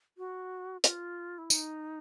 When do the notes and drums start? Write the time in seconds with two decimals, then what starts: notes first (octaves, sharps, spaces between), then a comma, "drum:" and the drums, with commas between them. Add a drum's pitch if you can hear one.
0.18 F#4
0.84 F4, drum: hi-hat
1.38 E4
1.50 D#4, drum: tambourine